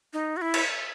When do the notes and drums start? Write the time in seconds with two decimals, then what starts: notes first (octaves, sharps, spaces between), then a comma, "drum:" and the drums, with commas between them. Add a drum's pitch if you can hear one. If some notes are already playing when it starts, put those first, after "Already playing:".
0.13 D#4
0.37 F#4
0.41 E4
0.54 drum: cymbal